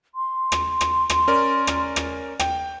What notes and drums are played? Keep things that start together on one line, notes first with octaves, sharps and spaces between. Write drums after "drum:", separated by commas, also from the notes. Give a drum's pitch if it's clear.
C6
drum: rim click
drum: rim click
drum: rim click
C#4 A#4 D5
drum: rim click
drum: rim click
G5, drum: rim click